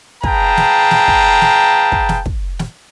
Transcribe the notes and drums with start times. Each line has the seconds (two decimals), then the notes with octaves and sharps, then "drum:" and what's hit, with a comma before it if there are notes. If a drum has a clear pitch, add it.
0.23 G#4 B4 F5 G5 A5 A#5, drum: kick
0.57 drum: snare
0.91 drum: snare
1.08 drum: kick
1.41 drum: snare
1.92 drum: kick
2.09 drum: snare
2.26 drum: kick
2.59 drum: snare